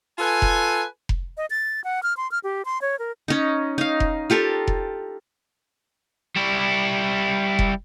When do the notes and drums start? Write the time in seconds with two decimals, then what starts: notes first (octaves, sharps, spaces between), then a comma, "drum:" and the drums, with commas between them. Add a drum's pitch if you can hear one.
0.19 F4 A4 B4 G#5
0.42 drum: kick F1
1.09 drum: kick F1
1.37 D#5
1.50 A6
1.84 F#5
2.03 F6
2.17 C6
2.32 F6
2.44 G4
2.65 C6
2.82 C#5
2.99 A#4
3.28 C#4 D#4
3.78 D#4 F5
4.00 drum: kick F1
4.30 F4 G4 A4 A#4
4.67 drum: kick F1
6.36 G3 E4
7.59 drum: kick F1